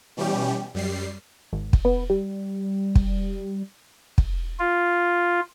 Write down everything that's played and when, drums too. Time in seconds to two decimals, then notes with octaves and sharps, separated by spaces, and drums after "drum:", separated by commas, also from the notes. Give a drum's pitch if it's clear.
0.17 B2 E3 G3 C#4 G4
0.74 F#2 G3 C7
1.53 G#1
1.73 drum: kick
1.85 B3
2.10 G3
2.95 drum: kick
4.18 drum: kick
4.59 F4